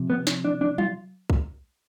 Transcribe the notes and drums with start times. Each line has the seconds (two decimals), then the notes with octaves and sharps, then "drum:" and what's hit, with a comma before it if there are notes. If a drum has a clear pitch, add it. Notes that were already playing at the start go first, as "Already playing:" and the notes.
Already playing: C3 F3
0.10 B3
0.27 drum: snare
0.45 D4
0.61 D4
0.78 F4, drum: tom F#3
1.30 drum: kick B1